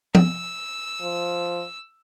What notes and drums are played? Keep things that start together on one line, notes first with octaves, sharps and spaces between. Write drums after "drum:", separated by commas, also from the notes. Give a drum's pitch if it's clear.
E6, drum: tom
F3